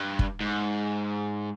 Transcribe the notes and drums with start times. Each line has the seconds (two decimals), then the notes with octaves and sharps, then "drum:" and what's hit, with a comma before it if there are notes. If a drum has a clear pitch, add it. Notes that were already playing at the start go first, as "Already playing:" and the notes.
Already playing: G2
0.19 drum: kick
0.41 G#2